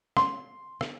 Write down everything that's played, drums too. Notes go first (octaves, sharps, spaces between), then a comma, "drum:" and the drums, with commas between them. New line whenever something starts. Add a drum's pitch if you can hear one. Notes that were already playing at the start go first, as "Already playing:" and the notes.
C6, drum: rim click
drum: rim click